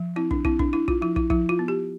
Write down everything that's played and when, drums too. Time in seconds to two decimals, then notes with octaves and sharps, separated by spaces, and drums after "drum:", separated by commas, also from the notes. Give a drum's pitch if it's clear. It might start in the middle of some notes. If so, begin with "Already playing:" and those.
Already playing: F3
0.16 C4 E4
0.31 D4, drum: kick
0.45 C4 E4, drum: kick
0.59 D4, drum: kick
0.73 D4 E4
0.88 F4, drum: kick
1.02 F3 E4
1.16 E4, drum: kick
1.30 F3 E4, drum: kick
1.49 F4
1.59 B3
1.68 G4